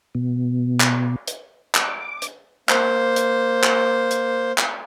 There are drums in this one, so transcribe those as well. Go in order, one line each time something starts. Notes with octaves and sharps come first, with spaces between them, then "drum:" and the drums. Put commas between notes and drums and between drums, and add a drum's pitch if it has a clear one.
B2
drum: clap
drum: hi-hat
D6, drum: clap
drum: hi-hat
A#3 C5, drum: clap
drum: hi-hat
drum: clap
drum: hi-hat
drum: clap